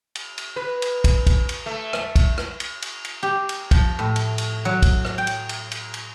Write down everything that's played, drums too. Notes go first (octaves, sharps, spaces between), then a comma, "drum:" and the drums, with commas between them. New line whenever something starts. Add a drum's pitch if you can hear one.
drum: cymbal
drum: cymbal
B4
drum: cymbal
drum: kick, cymbal
drum: kick, cymbal
drum: cymbal
A3
drum: rim click
drum: kick, cymbal
drum: rim click
drum: cymbal
drum: cymbal
drum: cymbal
G4
drum: cymbal
F3, drum: kick, cymbal
A2
drum: cymbal
drum: cymbal
F#3
drum: kick, cymbal
drum: rim click
G5
drum: cymbal
drum: cymbal
drum: cymbal
drum: cymbal